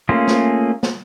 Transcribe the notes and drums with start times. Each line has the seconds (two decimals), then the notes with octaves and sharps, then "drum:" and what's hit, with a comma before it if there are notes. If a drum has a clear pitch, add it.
0.09 A3 A#3 C#4 F4 G#4
0.27 drum: snare
0.83 drum: snare